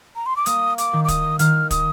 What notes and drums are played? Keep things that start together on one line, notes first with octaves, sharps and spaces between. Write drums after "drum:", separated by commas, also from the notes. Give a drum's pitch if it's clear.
A#5
C6
D6
A#3 D#6, drum: hi-hat
D6, drum: hi-hat
D#3
D6
D#6, drum: kick, hi-hat
D#3 F6, drum: hi-hat
D#6, drum: kick, hi-hat